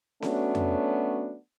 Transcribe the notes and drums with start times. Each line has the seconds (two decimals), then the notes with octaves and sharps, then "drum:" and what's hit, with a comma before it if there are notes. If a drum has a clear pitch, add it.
0.22 F#3 A3 B3 C#4 D4 F#4, drum: snare C4
0.55 drum: tom F2